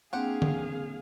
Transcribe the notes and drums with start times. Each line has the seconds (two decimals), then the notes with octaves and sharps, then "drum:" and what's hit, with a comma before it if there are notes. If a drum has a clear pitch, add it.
0.13 A#3 C4 D4 G4 G#4 F5 F#5
0.42 drum: tom D3